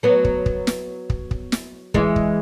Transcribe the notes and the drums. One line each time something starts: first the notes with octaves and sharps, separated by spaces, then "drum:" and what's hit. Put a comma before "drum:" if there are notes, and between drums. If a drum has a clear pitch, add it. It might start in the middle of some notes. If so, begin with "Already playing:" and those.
F#3 B3
drum: kick
drum: kick
drum: snare
drum: kick
drum: kick
drum: snare
E3 G#3, drum: kick
drum: kick